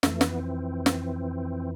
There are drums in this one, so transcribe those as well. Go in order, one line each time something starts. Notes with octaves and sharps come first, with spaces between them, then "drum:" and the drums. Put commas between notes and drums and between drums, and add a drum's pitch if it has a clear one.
F2 E3 A3, drum: snare
B3, drum: snare
C4
drum: snare